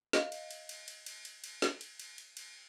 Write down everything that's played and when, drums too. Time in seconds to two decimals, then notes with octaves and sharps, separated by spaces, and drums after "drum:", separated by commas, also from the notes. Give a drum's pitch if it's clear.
0.13 D#5 F5, drum: snare
0.32 drum: cymbal
0.51 drum: cymbal
0.69 drum: cymbal
0.88 drum: cymbal
1.06 drum: cymbal
1.25 drum: cymbal
1.44 drum: cymbal
1.62 drum: snare
1.81 drum: cymbal
1.99 drum: cymbal
2.18 drum: cymbal
2.37 drum: cymbal